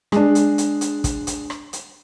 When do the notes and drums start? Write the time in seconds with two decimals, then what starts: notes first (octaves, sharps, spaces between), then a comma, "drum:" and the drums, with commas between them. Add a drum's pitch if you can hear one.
0.12 G#3 D4, drum: rim click
0.35 drum: hi-hat
0.58 drum: hi-hat
0.81 drum: hi-hat
1.04 drum: kick, hi-hat
1.27 drum: hi-hat
1.50 drum: rim click
1.73 drum: hi-hat